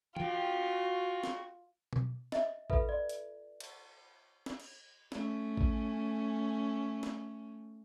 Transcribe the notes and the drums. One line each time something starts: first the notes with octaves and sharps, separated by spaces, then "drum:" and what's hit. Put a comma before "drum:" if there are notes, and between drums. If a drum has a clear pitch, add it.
F4 F#4 G5, drum: tom
drum: snare
drum: tom B2
D#5 E5, drum: snare
F4 A4 B4 E5, drum: kick A1
D5
drum: hi-hat
drum: cymbal
drum: snare
drum: cymbal
A3 C#4, drum: snare
drum: kick A1
drum: snare